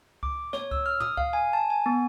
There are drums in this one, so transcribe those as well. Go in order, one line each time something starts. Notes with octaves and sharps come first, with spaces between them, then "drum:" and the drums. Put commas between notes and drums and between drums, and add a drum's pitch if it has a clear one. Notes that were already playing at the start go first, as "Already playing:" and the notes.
D6, drum: kick C#2
C#5, drum: snare
E6, drum: kick C#2
F6
D#6, drum: tom
F5, drum: kick C#2
G#5
A5
G#5
B3